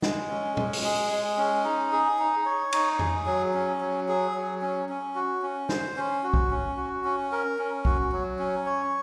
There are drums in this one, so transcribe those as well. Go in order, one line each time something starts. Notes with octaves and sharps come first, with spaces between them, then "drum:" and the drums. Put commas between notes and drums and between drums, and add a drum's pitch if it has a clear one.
G#3, drum: snare
C#4
G#3, drum: tom
drum: open hi-hat
G#4
G#3
C#4
D#4
G#4
D#4
C#5
D#4, drum: cymbal
G#4, drum: tom F2
F#3
C#4
F#3
G#4
F#3
C#4
C#4
F#4
C#4
C5, drum: snare
C#4
F#4
drum: kick
C#4
F#4
C#4
A#4
C#4
F#4, drum: kick
F#3
C#4
C#5